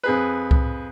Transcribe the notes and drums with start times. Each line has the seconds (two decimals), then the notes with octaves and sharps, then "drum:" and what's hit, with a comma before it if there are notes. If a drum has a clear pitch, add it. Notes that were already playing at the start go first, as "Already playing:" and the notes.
0.03 F2 G#4 B4
0.51 drum: kick C2